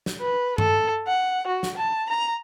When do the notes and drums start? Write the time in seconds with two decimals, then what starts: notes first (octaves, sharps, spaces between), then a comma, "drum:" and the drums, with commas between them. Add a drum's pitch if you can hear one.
0.06 drum: snare
0.21 B4
0.58 A4, drum: tom G2
1.08 F#5
1.47 F#4
1.63 drum: snare
1.77 A5
2.10 A#5